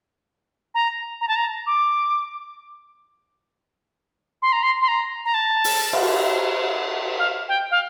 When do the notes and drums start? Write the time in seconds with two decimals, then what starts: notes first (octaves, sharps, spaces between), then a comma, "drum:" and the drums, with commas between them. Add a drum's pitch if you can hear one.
0.75 A#5
1.21 A#5
1.28 A5
1.36 A#5
1.67 D6
4.42 C6
4.52 A#5
4.63 C6
4.82 C6
4.88 A#5
5.25 A#5
5.34 A5
5.64 drum: open hi-hat
5.93 drum: cymbal
7.19 F5
7.49 G5
7.71 F5